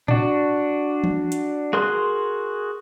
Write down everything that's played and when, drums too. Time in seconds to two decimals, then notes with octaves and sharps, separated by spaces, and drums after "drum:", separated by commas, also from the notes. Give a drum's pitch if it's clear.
0.08 D4 F#4, drum: tom A2
1.04 drum: tom E3
1.32 drum: hi-hat
1.73 F#4 G#4 A#4 C6 F#6